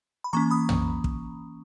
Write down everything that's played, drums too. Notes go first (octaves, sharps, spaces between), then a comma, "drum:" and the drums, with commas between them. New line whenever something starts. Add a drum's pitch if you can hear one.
B5
E3 A#3 C#4 A#5 C#6
B5 D#6
drum: tom
drum: kick